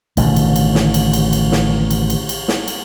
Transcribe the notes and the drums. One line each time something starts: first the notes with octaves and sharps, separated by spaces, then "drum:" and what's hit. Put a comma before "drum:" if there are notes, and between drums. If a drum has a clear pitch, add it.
A1 B2 D3 D#3, drum: cymbal
drum: cymbal
drum: cymbal
drum: snare
drum: cymbal
drum: cymbal
drum: cymbal
drum: snare
drum: cymbal
drum: cymbal
drum: cymbal
drum: snare
drum: cymbal